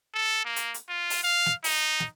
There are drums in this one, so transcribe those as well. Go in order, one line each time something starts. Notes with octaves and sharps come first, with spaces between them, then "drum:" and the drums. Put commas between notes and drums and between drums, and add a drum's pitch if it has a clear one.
A4
A#3
drum: hi-hat
drum: hi-hat
F4
drum: open hi-hat
F5
drum: snare
D#4, drum: open hi-hat
drum: snare